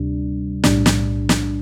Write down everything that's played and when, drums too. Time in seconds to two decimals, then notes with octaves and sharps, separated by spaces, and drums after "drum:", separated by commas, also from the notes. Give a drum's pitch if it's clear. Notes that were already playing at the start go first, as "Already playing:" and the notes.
Already playing: D2 C3 G3 D4
0.64 B1 A2 G3 D4, drum: snare
0.86 drum: snare
1.29 drum: snare